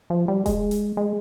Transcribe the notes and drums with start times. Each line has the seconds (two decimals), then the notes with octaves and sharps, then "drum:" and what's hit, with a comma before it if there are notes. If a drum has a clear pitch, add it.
0.10 F3
0.28 G3
0.46 G#3, drum: kick E1, hi-hat
0.71 drum: hi-hat
0.97 G#3